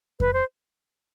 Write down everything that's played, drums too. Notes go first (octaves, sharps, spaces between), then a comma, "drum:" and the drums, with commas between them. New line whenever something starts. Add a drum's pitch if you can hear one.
B4, drum: kick F2
C5